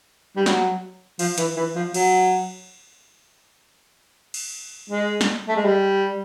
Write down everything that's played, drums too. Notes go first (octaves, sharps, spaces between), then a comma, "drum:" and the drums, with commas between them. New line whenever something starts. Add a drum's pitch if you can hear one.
G3
F#3, drum: snare
F3, drum: cymbal
E3, drum: hi-hat
E3
F3
F#3, drum: cymbal
drum: cymbal
G#3
drum: snare
A3
G#3
G3